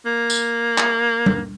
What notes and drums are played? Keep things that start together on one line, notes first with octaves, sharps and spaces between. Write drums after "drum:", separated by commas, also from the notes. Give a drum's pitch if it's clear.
A#3
drum: tambourine
drum: clap
drum: tom G3